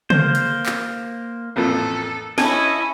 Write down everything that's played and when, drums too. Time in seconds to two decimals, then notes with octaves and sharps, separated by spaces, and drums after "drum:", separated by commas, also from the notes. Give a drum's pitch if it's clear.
0.10 A#3 C5, drum: tom C#3
0.35 drum: hi-hat
0.66 drum: clap
1.56 A1 F2 A#2 A4
2.38 C#4 E4 D#5 G#5 A5, drum: snare